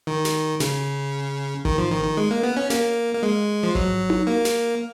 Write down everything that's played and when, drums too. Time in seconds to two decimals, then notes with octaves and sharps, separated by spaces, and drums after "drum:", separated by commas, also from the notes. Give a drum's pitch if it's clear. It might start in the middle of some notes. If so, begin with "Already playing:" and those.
0.07 D#3
0.25 drum: snare
0.60 C#3, drum: snare
1.65 D#3, drum: kick G#1
1.78 F3
1.91 D#3
2.04 D#3
2.17 G#3
2.31 A#3
2.43 B3
2.57 C#4
2.70 A#3, drum: snare
3.15 A#3
3.23 G#3
3.63 F3
3.75 F#3, drum: kick G#1
4.10 drum: tom D#4
4.27 A#3
4.45 drum: snare